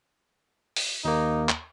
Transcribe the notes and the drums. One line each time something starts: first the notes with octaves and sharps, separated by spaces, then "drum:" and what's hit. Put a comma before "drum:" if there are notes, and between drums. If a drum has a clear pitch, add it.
drum: open hi-hat
D#2 A#3 D#4
drum: clap